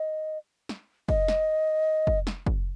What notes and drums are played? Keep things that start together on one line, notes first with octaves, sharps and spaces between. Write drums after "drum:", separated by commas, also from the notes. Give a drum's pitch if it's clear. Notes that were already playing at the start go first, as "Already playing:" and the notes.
Already playing: D#5
drum: snare
D#5, drum: kick
drum: snare
drum: kick
drum: snare
drum: kick